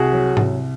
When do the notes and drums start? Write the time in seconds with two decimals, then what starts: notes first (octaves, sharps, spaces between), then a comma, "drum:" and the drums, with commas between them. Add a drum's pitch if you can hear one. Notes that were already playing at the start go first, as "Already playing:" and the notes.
Already playing: C2 F#4 G#4
0.12 F#3
0.37 C2, drum: tom G#2